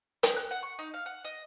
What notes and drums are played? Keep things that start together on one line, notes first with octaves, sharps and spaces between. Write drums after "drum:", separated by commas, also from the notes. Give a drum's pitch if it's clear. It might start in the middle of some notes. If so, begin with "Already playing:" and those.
G4, drum: hi-hat
F#6
F#5
C#6
D#4
F5
F#5
D#5